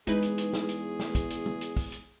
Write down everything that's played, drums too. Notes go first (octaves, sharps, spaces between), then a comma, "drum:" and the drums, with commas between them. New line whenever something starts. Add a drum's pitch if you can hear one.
E2 G#3 D#4 E4 G#4 B4, drum: hi-hat
drum: hi-hat
drum: hi-hat
drum: snare
drum: hi-hat
drum: snare
drum: kick, hi-hat
drum: hi-hat
drum: tom
drum: hi-hat
drum: kick, open hi-hat
drum: hi-hat